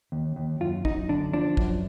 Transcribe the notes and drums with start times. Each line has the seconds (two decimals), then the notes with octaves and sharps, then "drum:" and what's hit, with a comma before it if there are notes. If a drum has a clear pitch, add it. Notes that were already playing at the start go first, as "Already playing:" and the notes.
0.12 D#2
0.36 D#2
0.61 F#2 F4
0.85 F#2 D#4, drum: kick
1.09 D3 D4
1.33 F3 D4
1.57 F#2, drum: kick